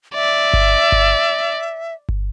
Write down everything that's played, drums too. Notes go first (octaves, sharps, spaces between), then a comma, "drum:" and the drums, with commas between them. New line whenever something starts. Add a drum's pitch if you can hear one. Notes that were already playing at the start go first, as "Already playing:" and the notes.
D5 E5
drum: kick G1
drum: kick G1
drum: kick G1